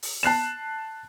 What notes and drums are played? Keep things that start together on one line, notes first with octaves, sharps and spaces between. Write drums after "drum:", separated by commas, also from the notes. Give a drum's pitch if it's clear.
drum: open hi-hat
A5 F#6 C7 E7